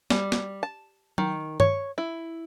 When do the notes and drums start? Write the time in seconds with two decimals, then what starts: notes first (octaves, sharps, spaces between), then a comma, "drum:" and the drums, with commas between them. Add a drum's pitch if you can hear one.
0.10 G3, drum: snare
0.32 drum: snare
0.63 A5
1.18 D#3, drum: tom F#3
1.60 C#5, drum: tom G2
1.98 E4